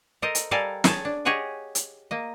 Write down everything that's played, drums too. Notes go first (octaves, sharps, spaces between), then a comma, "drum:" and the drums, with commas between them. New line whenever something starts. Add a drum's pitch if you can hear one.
A4 A#4 C5 D#5
drum: hi-hat
G3 A4 A#4 F5 G#5 A5
G#4 C#5 A5, drum: snare
D4
G4 G#4 C#5 D#5 F#5 G#5
drum: hi-hat
A#3 D#5